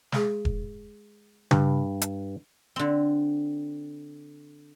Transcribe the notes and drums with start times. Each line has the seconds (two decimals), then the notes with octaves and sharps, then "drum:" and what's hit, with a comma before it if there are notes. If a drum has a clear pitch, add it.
0.12 G#3 G#4, drum: snare
0.45 drum: kick E1
1.51 G2, drum: tom C#3
2.02 drum: hi-hat
2.76 D3 C4